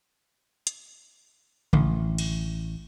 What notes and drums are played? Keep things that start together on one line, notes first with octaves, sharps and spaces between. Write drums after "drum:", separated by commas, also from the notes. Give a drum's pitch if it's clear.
drum: hi-hat
A1, drum: tom C#3
drum: cymbal